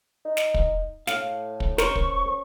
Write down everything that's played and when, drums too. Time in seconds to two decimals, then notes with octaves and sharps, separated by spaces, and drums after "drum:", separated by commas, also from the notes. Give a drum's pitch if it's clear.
0.25 D#4
0.37 drum: snare
0.54 drum: kick
1.07 A2 F5, drum: snare
1.60 drum: kick
1.78 C#4 A#4 C5 C#6, drum: snare
1.96 drum: kick